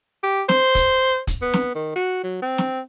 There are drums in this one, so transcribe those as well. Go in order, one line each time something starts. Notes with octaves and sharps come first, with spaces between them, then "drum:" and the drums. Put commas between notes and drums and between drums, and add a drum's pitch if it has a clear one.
G4
C5, drum: snare
drum: kick, hi-hat
drum: kick, hi-hat
B3
drum: snare
D#3
F#4
F#3
C4
drum: snare